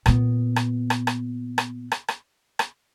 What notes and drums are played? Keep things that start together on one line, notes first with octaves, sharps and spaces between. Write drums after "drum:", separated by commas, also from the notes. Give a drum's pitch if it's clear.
A#2 B3, drum: rim click
drum: rim click
drum: rim click
drum: rim click
drum: rim click
drum: rim click
drum: rim click
drum: rim click